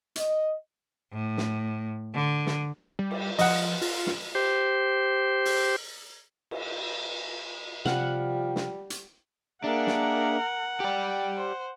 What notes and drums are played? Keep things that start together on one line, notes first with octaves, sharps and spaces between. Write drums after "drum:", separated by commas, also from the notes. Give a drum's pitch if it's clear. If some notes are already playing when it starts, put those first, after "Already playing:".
D#5, drum: hi-hat
A2
drum: snare
D3
drum: snare
G3
drum: cymbal
F3 D#5 F#5, drum: open hi-hat
F4, drum: open hi-hat
drum: snare
G4 C5
drum: open hi-hat
drum: cymbal
C3 F3 G3 F#5 F6, drum: snare
drum: snare
drum: hi-hat
A#3 D4 G#4 A#4 E5 F#5
drum: snare
G4 D5 G5
C5